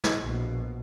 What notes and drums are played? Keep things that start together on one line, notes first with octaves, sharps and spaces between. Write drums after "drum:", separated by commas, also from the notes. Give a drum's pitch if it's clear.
drum: snare
A#1 B2